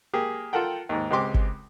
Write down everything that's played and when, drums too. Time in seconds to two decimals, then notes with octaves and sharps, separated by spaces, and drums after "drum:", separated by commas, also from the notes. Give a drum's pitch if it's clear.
0.13 A#3 G4 G#4
0.53 F4 A4 A#4 F#5 G5
0.89 D#2 G#2
1.10 C#2 G#3 C4 G4 C6 D6
1.34 drum: kick G1